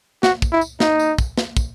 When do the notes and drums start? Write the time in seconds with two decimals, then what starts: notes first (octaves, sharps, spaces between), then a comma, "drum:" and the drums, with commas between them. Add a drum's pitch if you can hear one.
0.23 F#4, drum: snare
0.42 drum: kick, tambourine
0.52 E4
0.61 drum: tambourine
0.80 D#4, drum: snare
0.99 drum: tambourine
1.18 drum: kick, tambourine
1.38 drum: snare
1.57 drum: kick, tambourine